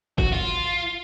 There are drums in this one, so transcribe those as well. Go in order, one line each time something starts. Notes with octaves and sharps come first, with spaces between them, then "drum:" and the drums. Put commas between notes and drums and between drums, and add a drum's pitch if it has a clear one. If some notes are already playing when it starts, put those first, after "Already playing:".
F#4, drum: kick
F4